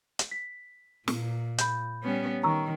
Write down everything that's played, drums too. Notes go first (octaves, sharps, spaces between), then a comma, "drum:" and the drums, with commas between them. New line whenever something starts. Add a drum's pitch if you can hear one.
drum: hi-hat
B6
A#2, drum: snare
B5 G6, drum: hi-hat
G3 B3 C#4
D#3 A#5 C#6 E6